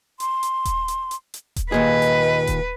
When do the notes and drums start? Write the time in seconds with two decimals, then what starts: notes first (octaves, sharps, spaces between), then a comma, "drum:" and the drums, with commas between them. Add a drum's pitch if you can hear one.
0.20 C6, drum: hi-hat
0.43 drum: hi-hat
0.65 drum: kick D#1, hi-hat
0.88 drum: hi-hat
1.11 drum: hi-hat
1.34 drum: hi-hat
1.56 drum: kick D#1, hi-hat
1.72 D#2 A#2 G#4 B4 D#5
2.02 drum: hi-hat
2.47 drum: kick D#1, hi-hat